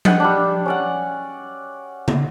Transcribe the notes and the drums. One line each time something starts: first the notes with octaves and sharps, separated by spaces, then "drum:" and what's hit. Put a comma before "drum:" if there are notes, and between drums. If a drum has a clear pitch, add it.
D#5 F#5 G5, drum: tom F3
G3 D4
C#4 D5 F#5
drum: tom